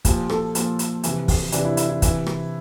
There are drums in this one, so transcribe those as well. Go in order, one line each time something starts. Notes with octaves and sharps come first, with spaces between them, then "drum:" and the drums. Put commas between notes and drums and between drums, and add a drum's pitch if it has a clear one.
A#2 F3 G4, drum: kick, hi-hat
A4, drum: rim click
A#2 F3, drum: hi-hat
drum: hi-hat
C3 E3, drum: hi-hat
drum: kick, open hi-hat
C3 E3 D4, drum: hi-hat
E4
E4, drum: hi-hat
E4
C3 E3 E4, drum: kick, hi-hat
drum: rim click